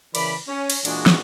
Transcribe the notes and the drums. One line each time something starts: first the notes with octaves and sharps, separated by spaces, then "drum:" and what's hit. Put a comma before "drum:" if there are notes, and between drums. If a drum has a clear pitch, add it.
C#3 E3 A#4 D5 B5, drum: cymbal
C#4
drum: cymbal
A#2 E3 G#3 D4 F#4 G#4, drum: cymbal
drum: snare